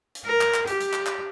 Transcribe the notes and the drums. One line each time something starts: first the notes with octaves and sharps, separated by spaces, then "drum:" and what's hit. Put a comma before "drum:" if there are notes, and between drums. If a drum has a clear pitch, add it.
drum: hi-hat
A#4
drum: clap
drum: clap
G4, drum: hi-hat
drum: hi-hat
drum: clap
drum: clap